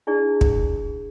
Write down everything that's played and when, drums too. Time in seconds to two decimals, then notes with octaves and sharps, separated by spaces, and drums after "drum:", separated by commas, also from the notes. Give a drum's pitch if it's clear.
0.07 D4 E4 G#4 D5
0.41 drum: kick